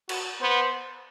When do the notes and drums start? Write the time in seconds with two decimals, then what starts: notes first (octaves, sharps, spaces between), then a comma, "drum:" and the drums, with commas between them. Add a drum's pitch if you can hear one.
0.09 F#4, drum: cymbal
0.41 B3 C5